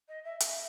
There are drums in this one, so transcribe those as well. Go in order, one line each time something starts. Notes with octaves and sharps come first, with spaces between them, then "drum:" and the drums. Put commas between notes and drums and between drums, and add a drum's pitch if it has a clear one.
D#5
E5
E5, drum: hi-hat